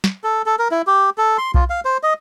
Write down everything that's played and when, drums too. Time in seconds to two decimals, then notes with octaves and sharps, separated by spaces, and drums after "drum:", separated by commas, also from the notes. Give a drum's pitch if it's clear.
0.04 drum: snare
0.24 A4
0.46 A4
0.59 A#4
0.71 E4
0.87 G4
1.18 A4
1.38 C6
1.54 F4, drum: kick B1
1.70 F5
1.85 C5
2.03 D#5